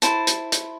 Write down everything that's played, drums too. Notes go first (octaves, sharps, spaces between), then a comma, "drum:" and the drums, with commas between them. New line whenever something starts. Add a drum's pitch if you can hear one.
E4 C5 A5, drum: hi-hat
drum: hi-hat
drum: hi-hat